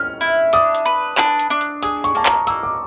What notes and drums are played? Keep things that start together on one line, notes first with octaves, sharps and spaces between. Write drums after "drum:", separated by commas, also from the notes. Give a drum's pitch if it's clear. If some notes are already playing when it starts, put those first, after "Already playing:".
Already playing: C#4 F6
E4
D4 D#6, drum: hi-hat
drum: hi-hat
B4
D4, drum: clap
drum: hi-hat
D4
drum: hi-hat
G#4 D#6, drum: hi-hat
C#6, drum: hi-hat
A#3 A5
A#5, drum: clap
A#3 E6, drum: hi-hat
D6